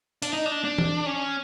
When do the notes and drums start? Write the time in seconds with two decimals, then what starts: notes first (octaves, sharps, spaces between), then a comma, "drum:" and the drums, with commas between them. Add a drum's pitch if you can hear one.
0.22 D4, drum: hi-hat
0.33 D#4
0.46 D4
0.64 D4
0.78 drum: tom E3
1.06 C#4